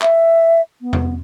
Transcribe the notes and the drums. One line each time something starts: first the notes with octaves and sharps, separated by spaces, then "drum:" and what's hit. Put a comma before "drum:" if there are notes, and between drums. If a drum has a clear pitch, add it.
E5, drum: clap
B3
drum: tom E2